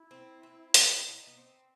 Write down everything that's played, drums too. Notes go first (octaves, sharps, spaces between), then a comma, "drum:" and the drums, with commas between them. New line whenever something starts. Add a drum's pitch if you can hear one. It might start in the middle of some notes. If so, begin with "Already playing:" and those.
Already playing: E4
C4
C4
C4, drum: hi-hat
D#4
B3
C4